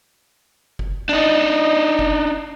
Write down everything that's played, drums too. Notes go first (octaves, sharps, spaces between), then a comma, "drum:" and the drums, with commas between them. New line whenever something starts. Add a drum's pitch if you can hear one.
drum: kick F#1
D4 D#4
drum: kick F#1